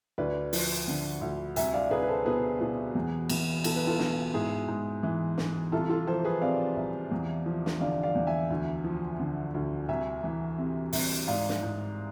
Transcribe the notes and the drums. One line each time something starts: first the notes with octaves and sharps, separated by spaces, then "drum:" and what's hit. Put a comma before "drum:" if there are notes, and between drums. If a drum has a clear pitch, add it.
D2 B4 D5
F3, drum: open hi-hat
D3
D2
C2 E5 G#5, drum: hi-hat
D5 F5
C2 G#4 B4
B4
A4 C5
B2 G#4 B4
B2
E2
E2, drum: cymbal
B2 A4, drum: cymbal
B4
F4 A4
B2, drum: snare
G#2 E4 G#4
G#2
E3
E3, drum: snare
C2 F4 A4
F4 A4
F3 A4 C5
G#4 B4
C3 D5 F5
C2
E2
F3
drum: snare
D3 D5 F5
D5 F5
E2
E5 G#5
D2
F3
D3
D2
C2 E5 G#5
E3
C3
C2, drum: open hi-hat
G#2 D5 F5
drum: snare
G#2